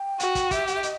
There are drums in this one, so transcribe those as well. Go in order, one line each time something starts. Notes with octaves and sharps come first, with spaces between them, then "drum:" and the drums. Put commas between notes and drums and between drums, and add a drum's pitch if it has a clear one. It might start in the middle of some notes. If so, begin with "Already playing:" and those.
Already playing: G5
F#4, drum: hi-hat
drum: kick, hi-hat
G4 E5, drum: kick, hi-hat
F#5, drum: hi-hat
E5
D#5, drum: hi-hat